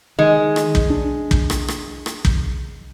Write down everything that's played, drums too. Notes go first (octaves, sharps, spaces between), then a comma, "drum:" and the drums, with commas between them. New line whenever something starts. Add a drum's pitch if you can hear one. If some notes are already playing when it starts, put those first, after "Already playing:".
D#3 G#3
drum: rim click
drum: kick
D4
drum: kick
drum: rim click
drum: rim click
drum: rim click
drum: kick